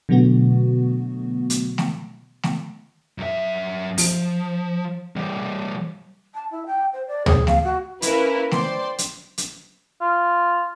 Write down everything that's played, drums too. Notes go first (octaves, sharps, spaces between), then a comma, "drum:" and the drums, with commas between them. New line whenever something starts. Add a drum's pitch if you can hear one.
B2 D3 F#3 A3 B3 F#4
drum: hi-hat
drum: snare A3
drum: snare A3
F#2 E5
F3, drum: open hi-hat
E3 G3
A5
E4
G5
C5
D5
G#4, drum: tom D2
F5, drum: snare A3
F#4
A#3 C#4 E4 A#4 B4, drum: hi-hat
C5 D5 G5 C6, drum: snare A3
drum: hi-hat
drum: hi-hat
F4